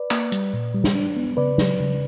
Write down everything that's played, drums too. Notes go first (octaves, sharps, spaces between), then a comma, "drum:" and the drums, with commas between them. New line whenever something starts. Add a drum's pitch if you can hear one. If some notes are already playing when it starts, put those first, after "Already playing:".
Already playing: B4 D5
A#3, drum: clap
G3, drum: hi-hat
A#2
G3
drum: snare
D4
B3
C#3 B4 D5
F#3, drum: snare
C#3